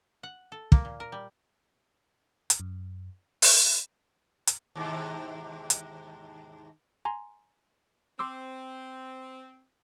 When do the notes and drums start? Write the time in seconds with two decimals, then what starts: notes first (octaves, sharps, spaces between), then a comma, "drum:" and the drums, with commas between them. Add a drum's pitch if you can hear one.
0.23 F#5
0.52 A4
0.72 A#3, drum: kick
0.85 A#2
1.00 A#4
1.12 G3
2.50 drum: hi-hat
2.60 F#2
3.42 drum: open hi-hat
4.47 drum: hi-hat
4.75 D#2 G#2 C3
5.70 drum: hi-hat
7.05 G#5 A#5 C6
8.19 C4 C6 D6 E6